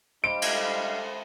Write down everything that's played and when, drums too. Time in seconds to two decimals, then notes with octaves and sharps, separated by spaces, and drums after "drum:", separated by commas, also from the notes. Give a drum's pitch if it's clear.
0.24 G3 D4 C5 D#5 F5 B5 C6 D7
0.42 drum: cymbal